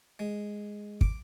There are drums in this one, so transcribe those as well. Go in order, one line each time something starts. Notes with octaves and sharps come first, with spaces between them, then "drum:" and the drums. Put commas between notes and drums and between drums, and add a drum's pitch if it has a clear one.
G#3
D6, drum: kick